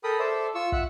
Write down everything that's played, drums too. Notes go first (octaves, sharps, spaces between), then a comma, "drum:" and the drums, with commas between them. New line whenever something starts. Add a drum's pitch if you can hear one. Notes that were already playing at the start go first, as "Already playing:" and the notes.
A4 A#4 G5 B5 D#6
A4 C5 D5 E5
F4 C#6 E6
E5 F#5, drum: kick